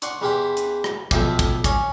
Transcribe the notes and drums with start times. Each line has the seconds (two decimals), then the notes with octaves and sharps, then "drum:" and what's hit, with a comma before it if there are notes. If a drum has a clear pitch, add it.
0.02 D5 F#5 C6 C#6, drum: hi-hat
0.21 E2 E3 G4 B5 C6
0.57 drum: hi-hat
0.84 drum: rim click
1.11 B1 F2 F3 E5 G5 D6, drum: kick, hi-hat
1.39 drum: kick, hi-hat
1.64 C#4 C#5 D5, drum: kick, hi-hat